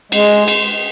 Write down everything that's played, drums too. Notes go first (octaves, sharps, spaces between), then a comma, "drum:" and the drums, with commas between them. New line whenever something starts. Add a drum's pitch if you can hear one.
G#3, drum: cymbal
drum: cymbal